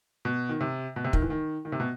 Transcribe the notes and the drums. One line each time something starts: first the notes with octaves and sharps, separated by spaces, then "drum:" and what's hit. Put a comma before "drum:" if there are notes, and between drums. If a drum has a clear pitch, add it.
B2
D#3
C3
B2
C3
D#3, drum: kick
E3
D#3
D#3
C3
B2